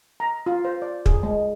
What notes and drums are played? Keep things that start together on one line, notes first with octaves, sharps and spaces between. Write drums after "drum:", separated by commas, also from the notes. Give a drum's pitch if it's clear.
A#5
F4
C5
D5
G#4, drum: kick
G#3